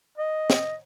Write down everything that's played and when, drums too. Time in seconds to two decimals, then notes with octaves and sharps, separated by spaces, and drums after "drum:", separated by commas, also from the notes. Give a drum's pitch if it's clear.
0.18 D#5
0.50 drum: snare